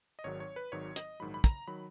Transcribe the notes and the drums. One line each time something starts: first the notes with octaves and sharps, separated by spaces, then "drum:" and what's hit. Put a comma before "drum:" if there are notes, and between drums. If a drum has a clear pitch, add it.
D#5
G#1 G#2 D#3 F#3 C#5
C#5
B4
G#1 G#2 D#3 F#3 C#5
D#5, drum: hi-hat
A#1 G#2 D#3 F#3 B5
B5
A#5, drum: kick, hi-hat
D#3 F#3 B5